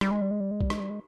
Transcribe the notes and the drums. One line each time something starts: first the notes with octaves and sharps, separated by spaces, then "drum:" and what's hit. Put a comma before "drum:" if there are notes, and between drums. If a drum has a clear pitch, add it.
G3, drum: rim click
G#3
G3
G#3
G3
G#3
G3, drum: kick B1
G#3, drum: rim click
G3
G#3